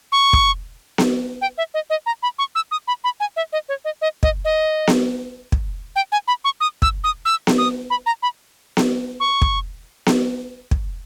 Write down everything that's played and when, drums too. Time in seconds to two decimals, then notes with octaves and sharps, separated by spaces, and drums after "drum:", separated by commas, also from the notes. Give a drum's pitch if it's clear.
0.12 C#6
0.33 drum: kick
0.98 drum: snare B3
1.41 G5
1.58 E5
1.74 D#5
1.90 D#5
2.06 A#5
2.23 B5
2.38 C#6
2.55 E6
2.71 D#6
2.87 B5
3.04 B5
3.20 G#5
3.36 E5
3.53 D#5
3.69 C#5
3.85 D#5
4.01 D#5
4.23 D#5, drum: kick
4.45 D#5
4.87 drum: snare B3
5.52 drum: kick
5.96 G5
6.12 G#5
6.27 B5
6.44 C#6
6.60 D#6
6.82 E6, drum: kick
7.04 D#6
7.25 E6
7.47 drum: snare B3
7.58 D#6
7.90 B5
8.06 A#5
8.22 B5
8.77 drum: snare B3
9.20 C#6
9.42 drum: kick
10.06 drum: snare B3
10.71 drum: kick